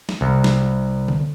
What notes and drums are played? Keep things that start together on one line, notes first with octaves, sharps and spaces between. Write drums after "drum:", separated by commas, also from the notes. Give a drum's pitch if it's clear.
drum: snare
C2
drum: snare
drum: tom D3